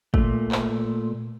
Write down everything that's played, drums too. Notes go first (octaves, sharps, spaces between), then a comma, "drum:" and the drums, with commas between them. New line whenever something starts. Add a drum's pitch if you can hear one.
A#2 A3, drum: kick
drum: clap